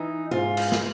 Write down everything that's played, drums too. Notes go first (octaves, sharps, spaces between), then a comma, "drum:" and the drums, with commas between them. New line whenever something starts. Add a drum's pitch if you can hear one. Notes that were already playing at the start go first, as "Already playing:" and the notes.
Already playing: E3 D#4
G#2 F4
drum: cymbal
drum: snare